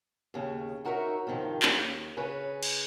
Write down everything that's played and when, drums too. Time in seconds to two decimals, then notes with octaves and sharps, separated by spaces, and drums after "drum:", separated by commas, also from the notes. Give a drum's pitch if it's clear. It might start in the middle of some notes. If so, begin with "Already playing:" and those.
0.34 D#2 C#3
0.85 D#4 F#4 A#4 C#5 E5
1.27 G2 C3 D#3 F3
1.62 D#2, drum: clap
2.17 C#3 C#4 B4
2.63 drum: cymbal